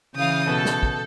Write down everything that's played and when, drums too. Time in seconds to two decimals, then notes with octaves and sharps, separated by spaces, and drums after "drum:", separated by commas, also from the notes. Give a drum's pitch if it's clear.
0.15 C#3 E3 F5 D#6 G6
0.47 B2 A4
0.65 drum: snare
0.83 drum: kick